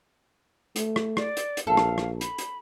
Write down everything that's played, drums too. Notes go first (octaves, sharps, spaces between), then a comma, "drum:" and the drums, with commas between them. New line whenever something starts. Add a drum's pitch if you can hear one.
A3, drum: hi-hat
drum: rim click
D5, drum: rim click
drum: hi-hat
drum: hi-hat
A#1 A4 F5
drum: rim click
drum: rim click
B5, drum: hi-hat
drum: hi-hat